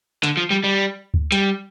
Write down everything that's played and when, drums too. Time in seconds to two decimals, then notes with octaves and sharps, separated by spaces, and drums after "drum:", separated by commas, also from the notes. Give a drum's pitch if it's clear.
0.23 D3, drum: hi-hat
0.37 F3
0.51 G3
0.64 G3
1.14 drum: kick D2
1.32 G3, drum: hi-hat